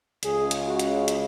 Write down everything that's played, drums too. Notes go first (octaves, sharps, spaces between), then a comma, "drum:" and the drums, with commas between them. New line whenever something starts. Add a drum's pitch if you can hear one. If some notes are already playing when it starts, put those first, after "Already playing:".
C#2 C#3 G#4, drum: hi-hat
drum: hi-hat
F#4
drum: hi-hat
drum: hi-hat